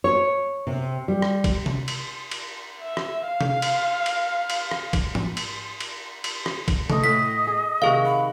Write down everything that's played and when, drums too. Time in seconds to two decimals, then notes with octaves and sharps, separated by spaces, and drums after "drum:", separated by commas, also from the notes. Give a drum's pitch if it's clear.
0.04 C#5
0.67 C3
1.08 G3
1.22 drum: rim click
1.44 drum: kick, cymbal
1.66 drum: tom C3
1.88 drum: cymbal
2.31 drum: cymbal
2.81 E5
2.97 drum: rim click
3.27 F5
3.41 drum: tom C3
3.62 drum: cymbal
4.06 drum: cymbal
4.50 drum: cymbal
4.71 drum: rim click
4.93 drum: kick, cymbal
5.15 drum: tom G#2
5.37 drum: cymbal
5.80 drum: cymbal
6.24 drum: cymbal
6.46 drum: rim click
6.68 drum: kick, cymbal
6.90 A3 D#5, drum: tom C3
7.04 A2 F#4 B6
7.47 G#4
7.82 C3 D#3 G#4 F5
8.04 F#5 B5